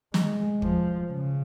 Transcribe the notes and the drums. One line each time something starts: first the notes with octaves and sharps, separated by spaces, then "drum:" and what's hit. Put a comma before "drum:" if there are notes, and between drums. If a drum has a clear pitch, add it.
G#3, drum: snare
F3, drum: kick
C#3